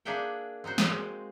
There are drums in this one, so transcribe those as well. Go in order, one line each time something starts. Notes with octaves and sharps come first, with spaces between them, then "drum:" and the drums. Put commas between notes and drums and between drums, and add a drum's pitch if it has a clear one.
A#3 D4 G#4 E5 F#5 G5
C4 D#4 F#4 C5
drum: snare
G#3